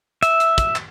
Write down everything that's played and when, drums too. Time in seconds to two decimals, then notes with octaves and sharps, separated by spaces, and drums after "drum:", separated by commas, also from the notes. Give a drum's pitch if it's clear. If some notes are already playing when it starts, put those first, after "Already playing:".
0.23 E5, drum: hi-hat
0.40 drum: hi-hat
0.58 drum: kick, hi-hat
0.76 drum: clap